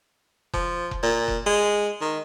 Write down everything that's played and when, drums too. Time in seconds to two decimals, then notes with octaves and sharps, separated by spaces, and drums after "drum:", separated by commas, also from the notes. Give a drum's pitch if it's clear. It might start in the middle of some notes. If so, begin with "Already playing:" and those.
0.53 F3, drum: kick F1
0.91 drum: kick F1
1.03 A#2
1.28 drum: kick F1
1.46 G#3
2.01 D#3